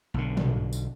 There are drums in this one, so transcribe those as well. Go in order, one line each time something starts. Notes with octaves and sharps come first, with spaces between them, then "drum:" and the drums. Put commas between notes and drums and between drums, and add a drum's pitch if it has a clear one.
B1 D3
drum: tom
drum: tambourine